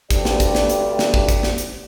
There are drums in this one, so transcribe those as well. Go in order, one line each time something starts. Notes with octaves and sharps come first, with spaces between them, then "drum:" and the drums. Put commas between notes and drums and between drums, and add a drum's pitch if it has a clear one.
D2 G2 G4 D5, drum: kick, hi-hat
drum: snare
drum: kick, hi-hat
drum: snare
drum: hi-hat
drum: snare
drum: kick
drum: kick, hi-hat
drum: snare
drum: hi-hat